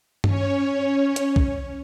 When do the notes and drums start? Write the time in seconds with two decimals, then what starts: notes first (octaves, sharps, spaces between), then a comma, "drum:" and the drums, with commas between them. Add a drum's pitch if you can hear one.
0.24 C#4 C#5, drum: tom G2
1.16 drum: hi-hat
1.36 drum: kick B1